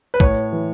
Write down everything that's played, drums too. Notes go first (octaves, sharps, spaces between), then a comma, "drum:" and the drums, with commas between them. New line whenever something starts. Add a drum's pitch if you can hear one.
B4
A2 C#5, drum: kick
E3